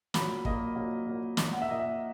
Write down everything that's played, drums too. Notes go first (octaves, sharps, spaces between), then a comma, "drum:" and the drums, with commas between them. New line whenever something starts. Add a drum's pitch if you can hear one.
A#2 F#3 A#3 B5, drum: snare
A#2 F#3 A#3 D#5, drum: kick
A#2 F#3 A#3
A#2 F#3 A#3
A#2 A#3 D#5, drum: snare
F#5
E5
A#2 A#3 D#5
E5